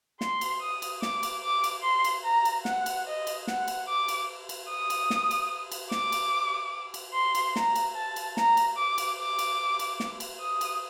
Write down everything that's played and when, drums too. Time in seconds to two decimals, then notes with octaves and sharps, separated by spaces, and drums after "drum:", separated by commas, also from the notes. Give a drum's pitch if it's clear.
0.21 C6, drum: snare
0.41 drum: cymbal
0.62 D#6
0.82 drum: cymbal
1.02 D6, drum: snare
1.23 drum: cymbal
1.43 D6
1.64 drum: cymbal
1.83 C6
2.04 drum: cymbal
2.24 A#5
2.45 drum: cymbal
2.65 F#5, drum: snare
2.86 drum: cymbal
3.07 D#5
3.27 drum: cymbal
3.47 F#5, drum: snare
3.68 drum: cymbal
3.88 D6
4.08 drum: cymbal
4.49 drum: cymbal
4.70 D#6
4.90 drum: cymbal
5.10 drum: snare
5.31 drum: cymbal
5.72 drum: cymbal
5.91 D6, drum: snare
6.12 drum: cymbal
6.94 drum: cymbal
7.14 C6
7.35 drum: cymbal
7.56 A#5, drum: snare
7.75 drum: cymbal
7.95 A5
8.16 drum: cymbal
8.37 A#5, drum: snare
8.57 drum: cymbal
8.77 D6
8.98 drum: cymbal
9.19 D6
9.39 drum: cymbal
9.79 drum: cymbal
10.00 drum: snare
10.20 drum: cymbal
10.40 D#6
10.61 drum: cymbal